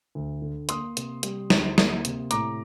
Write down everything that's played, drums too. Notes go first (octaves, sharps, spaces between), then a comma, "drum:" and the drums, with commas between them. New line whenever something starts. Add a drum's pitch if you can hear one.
D2
D3
A#3 C6 D#6, drum: hi-hat
C3, drum: hi-hat
G3, drum: hi-hat
D2, drum: snare
A#3, drum: snare
C3, drum: hi-hat
A2 A#5 D6, drum: hi-hat